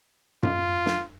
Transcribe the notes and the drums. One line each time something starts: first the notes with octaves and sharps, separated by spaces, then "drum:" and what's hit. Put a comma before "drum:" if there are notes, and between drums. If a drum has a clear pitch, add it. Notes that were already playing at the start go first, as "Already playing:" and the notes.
F4, drum: tom F#2
drum: snare